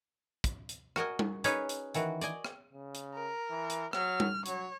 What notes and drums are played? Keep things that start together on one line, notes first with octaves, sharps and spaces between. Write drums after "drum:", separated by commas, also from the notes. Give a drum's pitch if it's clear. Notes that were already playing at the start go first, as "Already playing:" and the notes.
drum: kick, hi-hat
drum: hi-hat
F#4 A#4 D#5 G#5, drum: rim click
drum: tom G3
C#4 D#4 G#4 B4 C#5, drum: hi-hat
drum: hi-hat
D#3 E3 F#4, drum: hi-hat
D5 D#5 G#5, drum: hi-hat
drum: rim click
C#3
drum: hi-hat
A#4
E3
drum: hi-hat
F#3 F6, drum: rim click
drum: tom G3
F#3 C#5, drum: hi-hat